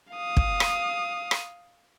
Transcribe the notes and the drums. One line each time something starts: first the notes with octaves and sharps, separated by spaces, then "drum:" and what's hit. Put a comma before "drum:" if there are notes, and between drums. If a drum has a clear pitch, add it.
F5 D#6
drum: kick
drum: rim click
drum: rim click